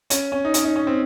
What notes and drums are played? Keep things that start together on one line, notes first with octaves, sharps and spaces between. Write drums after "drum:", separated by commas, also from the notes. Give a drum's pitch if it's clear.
C#4, drum: hi-hat
C#4
D#4
C#4, drum: hi-hat
D#4
C#4
C4